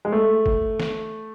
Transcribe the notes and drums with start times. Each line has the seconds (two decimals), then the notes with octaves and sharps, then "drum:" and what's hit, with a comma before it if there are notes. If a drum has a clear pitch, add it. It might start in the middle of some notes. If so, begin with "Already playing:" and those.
0.05 G#3
0.12 A3
0.46 drum: kick G1
0.80 drum: snare